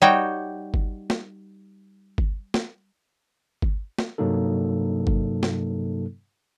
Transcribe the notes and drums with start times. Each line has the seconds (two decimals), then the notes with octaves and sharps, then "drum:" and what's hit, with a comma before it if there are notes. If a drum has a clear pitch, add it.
0.02 G3 D#4 F#4 C#5 G5
0.74 drum: kick G1
1.10 drum: snare
2.18 drum: kick G1
2.54 drum: snare
3.62 drum: kick G1
3.98 drum: snare
4.18 G2 C3 F#3 A#3 D#4 A4
5.07 drum: kick G1
5.43 drum: snare